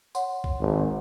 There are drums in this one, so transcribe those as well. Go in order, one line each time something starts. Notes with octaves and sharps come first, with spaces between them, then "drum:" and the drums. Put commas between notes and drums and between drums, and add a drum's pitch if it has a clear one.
C#5 F#5 C6, drum: tambourine
drum: kick A#1
G#1